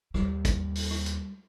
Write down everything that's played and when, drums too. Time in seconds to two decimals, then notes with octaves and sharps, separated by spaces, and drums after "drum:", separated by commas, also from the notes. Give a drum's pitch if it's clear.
0.14 D#2 G3, drum: rim click
0.45 drum: kick, hi-hat
0.75 drum: open hi-hat
0.91 drum: rim click
1.06 drum: hi-hat